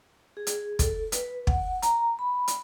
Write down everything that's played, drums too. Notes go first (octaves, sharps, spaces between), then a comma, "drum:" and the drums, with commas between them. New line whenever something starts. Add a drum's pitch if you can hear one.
G#4
drum: hi-hat
A4, drum: kick, hi-hat
B4, drum: hi-hat
F#5, drum: kick
A#5, drum: hi-hat
B5
drum: hi-hat